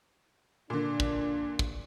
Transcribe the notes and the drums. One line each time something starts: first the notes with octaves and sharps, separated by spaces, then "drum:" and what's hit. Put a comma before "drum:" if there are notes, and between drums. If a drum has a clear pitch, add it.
A#2 D3 D4
drum: kick
drum: kick